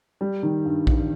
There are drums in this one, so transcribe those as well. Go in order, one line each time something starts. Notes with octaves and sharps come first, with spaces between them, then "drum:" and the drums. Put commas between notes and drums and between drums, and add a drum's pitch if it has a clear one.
G3
D#3
G2
G2, drum: kick A#1